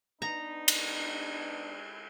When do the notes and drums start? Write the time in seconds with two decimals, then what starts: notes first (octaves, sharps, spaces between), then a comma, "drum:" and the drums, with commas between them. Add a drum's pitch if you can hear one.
0.22 B3 D4 D#4 A#5
0.68 drum: cymbal